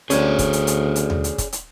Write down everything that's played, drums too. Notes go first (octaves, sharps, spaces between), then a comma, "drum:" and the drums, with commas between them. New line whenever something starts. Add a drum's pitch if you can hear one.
D2 C#4 G#4 C#5 D5, drum: hi-hat
drum: kick, hi-hat
drum: hi-hat
drum: hi-hat
drum: hi-hat
drum: tom D#2
drum: hi-hat
drum: kick, hi-hat
drum: hi-hat